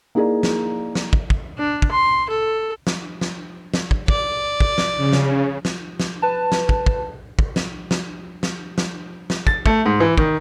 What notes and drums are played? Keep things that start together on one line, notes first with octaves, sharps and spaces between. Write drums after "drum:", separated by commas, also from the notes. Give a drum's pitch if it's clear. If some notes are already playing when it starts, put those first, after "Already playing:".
A#3 D#4 E4 G#4 D5 A#5
drum: snare
drum: snare
drum: kick
drum: kick
D4
drum: kick
C6
A4
drum: snare
drum: snare
drum: snare
drum: kick
D5, drum: kick
drum: kick
drum: snare
C#3
drum: snare
drum: snare
drum: snare
B4 A5
drum: snare
drum: kick
drum: kick
drum: kick
drum: snare
drum: snare
drum: snare
drum: snare
drum: snare
A6, drum: kick
A3, drum: kick
G#2
E3
D#3, drum: kick